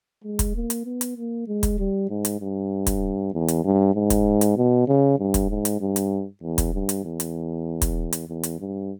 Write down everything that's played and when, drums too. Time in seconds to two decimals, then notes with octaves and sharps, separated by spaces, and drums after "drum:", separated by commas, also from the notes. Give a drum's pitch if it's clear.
0.24 G#3
0.39 drum: kick, hi-hat
0.55 A#3
0.70 drum: hi-hat
0.85 B3
1.01 drum: hi-hat
1.17 A#3
1.47 G#3
1.63 drum: kick, hi-hat
1.79 G3
2.10 G#2
2.25 drum: hi-hat
2.41 G2
2.87 drum: kick, hi-hat
3.33 E2
3.48 drum: hi-hat
3.64 G2
3.94 G#2
4.10 drum: kick, hi-hat
4.41 drum: hi-hat
4.57 B2
4.88 C#3
5.19 G2
5.34 drum: kick, hi-hat
5.50 G#2
5.65 drum: hi-hat
5.80 G2
5.96 drum: hi-hat
6.42 E2
6.58 drum: kick, hi-hat
6.73 G2
6.89 drum: hi-hat
7.04 E2
7.20 drum: hi-hat
7.82 drum: kick, hi-hat
8.12 drum: hi-hat
8.28 E2
8.43 drum: hi-hat
8.59 G2